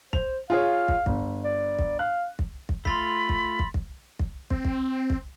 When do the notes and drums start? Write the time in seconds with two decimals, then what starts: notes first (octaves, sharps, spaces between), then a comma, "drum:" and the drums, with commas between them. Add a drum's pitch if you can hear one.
0.13 C5 F7, drum: kick
0.50 F4 G#4 C#5 F5
0.88 drum: kick
1.06 G1, drum: kick
1.44 D5
1.79 drum: kick
1.99 F5 F#6
2.39 drum: kick
2.69 drum: kick
2.85 A3 F4 B5 C6 A6 B6, drum: kick
3.29 drum: kick
3.59 drum: kick
3.74 drum: kick
4.19 drum: kick
4.50 C4, drum: kick
4.65 drum: kick
5.10 drum: kick